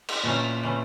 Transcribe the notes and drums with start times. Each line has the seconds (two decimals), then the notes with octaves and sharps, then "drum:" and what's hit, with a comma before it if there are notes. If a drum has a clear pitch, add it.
0.08 drum: cymbal
0.24 A#2 E3 A3 C#4
0.63 E3 A3 C#4